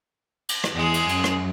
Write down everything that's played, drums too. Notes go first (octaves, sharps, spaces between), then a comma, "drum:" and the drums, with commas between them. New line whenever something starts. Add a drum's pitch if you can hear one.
drum: cymbal
drum: rim click
E2 G#3 G#4
drum: cymbal
F#2, drum: cymbal
drum: rim click